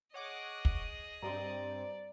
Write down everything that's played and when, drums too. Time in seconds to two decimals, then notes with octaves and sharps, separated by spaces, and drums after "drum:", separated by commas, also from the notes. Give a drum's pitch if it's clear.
0.14 G#4 C#5 D#5 F#5 D6
0.65 drum: kick
1.22 G2 C4 D5 A#5